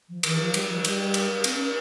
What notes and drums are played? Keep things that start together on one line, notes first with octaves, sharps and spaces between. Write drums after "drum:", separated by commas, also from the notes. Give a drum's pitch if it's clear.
F3
E3, drum: cymbal
F3
G3, drum: cymbal
F3
G3, drum: cymbal
drum: cymbal
C4, drum: cymbal
C#4